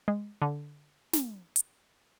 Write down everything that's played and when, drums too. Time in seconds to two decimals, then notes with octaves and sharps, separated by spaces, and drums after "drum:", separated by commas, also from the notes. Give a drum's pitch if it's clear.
0.08 G#3
0.42 D3
1.13 drum: snare
1.56 drum: hi-hat